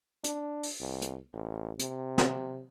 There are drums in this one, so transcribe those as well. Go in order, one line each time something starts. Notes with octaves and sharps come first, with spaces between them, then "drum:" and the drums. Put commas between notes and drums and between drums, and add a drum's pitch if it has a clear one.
D4, drum: hi-hat
drum: open hi-hat
C2
drum: hi-hat
A1
C3, drum: hi-hat
drum: snare